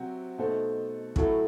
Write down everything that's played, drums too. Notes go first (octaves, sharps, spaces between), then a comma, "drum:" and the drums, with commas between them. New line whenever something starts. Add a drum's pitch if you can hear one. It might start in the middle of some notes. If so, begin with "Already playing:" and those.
Already playing: C3 F#3 C4 F#4 C5
B2 A3 D#4 A4 C5
A2 F#3 A3 E4 A4, drum: kick